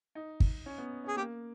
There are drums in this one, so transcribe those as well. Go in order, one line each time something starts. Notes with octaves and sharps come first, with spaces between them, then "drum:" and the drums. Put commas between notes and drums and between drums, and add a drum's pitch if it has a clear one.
D#4
drum: kick
C#4
B3
C#4 G#4
A#3 G4